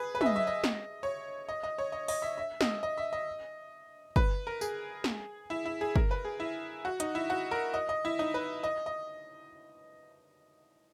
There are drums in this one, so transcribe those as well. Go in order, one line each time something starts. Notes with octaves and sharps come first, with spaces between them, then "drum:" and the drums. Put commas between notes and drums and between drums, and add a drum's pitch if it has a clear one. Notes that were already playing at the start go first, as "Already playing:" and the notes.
Already playing: G#4 B4
B4
E5, drum: tom
D#5
E5
D#5
drum: snare
C#5
D#5
D#5
C#5
D#5
D#5, drum: open hi-hat
E5
E5
D#5, drum: snare
D#5
E5
D#5
B4, drum: kick
A#4
G#4, drum: tambourine
drum: snare
E4
E4
G#4
A#4, drum: kick
B4
G#4
E4
F#4
D#4, drum: hi-hat
E4
F#4
A#4
D#5
D#5
E4
D#4
B4
D#5
D#5